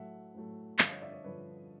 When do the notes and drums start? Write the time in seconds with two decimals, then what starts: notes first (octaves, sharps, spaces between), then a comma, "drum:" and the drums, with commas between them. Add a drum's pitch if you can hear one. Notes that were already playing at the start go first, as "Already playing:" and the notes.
Already playing: A2 F#3 A3 E5 F#5
0.34 A2 F#3 A3
0.79 G2 D3 F3 D#5 F5, drum: clap
0.90 C#5 D#5
1.01 D5 E5
1.12 C#5 D#5
1.24 G2 D3 F3 B4 C#5